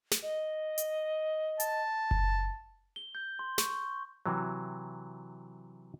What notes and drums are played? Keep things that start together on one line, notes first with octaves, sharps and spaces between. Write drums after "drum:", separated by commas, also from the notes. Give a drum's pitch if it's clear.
drum: snare
D#5
drum: hi-hat
A5, drum: hi-hat
drum: kick F#1
G7
G6
C6
C#6, drum: snare
C3 E3 F#3